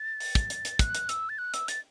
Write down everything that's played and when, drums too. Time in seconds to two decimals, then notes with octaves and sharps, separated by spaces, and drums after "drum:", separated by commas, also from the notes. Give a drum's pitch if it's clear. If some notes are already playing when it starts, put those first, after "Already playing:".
Already playing: A6
0.20 drum: open hi-hat
0.35 drum: kick, hi-hat
0.50 drum: hi-hat
0.65 drum: hi-hat
0.79 F#6, drum: kick, hi-hat
0.95 drum: hi-hat
1.09 E6, drum: hi-hat
1.29 A6
1.38 F#6
1.54 E6, drum: hi-hat
1.68 A6, drum: hi-hat